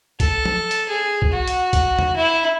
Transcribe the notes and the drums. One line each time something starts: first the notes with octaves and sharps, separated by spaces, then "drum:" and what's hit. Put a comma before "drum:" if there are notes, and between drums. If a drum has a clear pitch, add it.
A4, drum: kick C2, hi-hat
drum: tom
drum: hi-hat
G#4
drum: kick C2
F#4
drum: hi-hat
drum: kick C2, hi-hat
drum: tom E2
E4